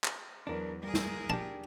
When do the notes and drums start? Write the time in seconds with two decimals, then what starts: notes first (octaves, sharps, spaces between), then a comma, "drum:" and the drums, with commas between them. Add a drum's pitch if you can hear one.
0.04 drum: clap
0.47 E2 F#3 D4 A#4
0.83 G2 G#4 A#4
0.94 drum: snare
1.30 D4 G4 A5